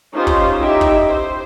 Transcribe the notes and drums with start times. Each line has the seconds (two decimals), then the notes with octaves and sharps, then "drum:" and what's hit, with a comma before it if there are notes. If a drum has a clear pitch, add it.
0.14 C#4 D#4 F4 G4 C5
0.27 drum: kick
0.60 D#4 E4 G4 E5
0.81 drum: kick
1.08 C5